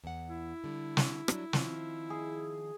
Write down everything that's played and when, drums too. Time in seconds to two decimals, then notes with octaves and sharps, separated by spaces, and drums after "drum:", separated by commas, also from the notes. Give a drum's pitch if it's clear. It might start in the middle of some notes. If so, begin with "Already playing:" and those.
0.04 E2 F#5
0.29 E4
0.64 D3 G3
0.97 drum: snare
1.28 F#3 G3 D4, drum: rim click
1.53 D#3 F3 C4, drum: snare
2.10 G#4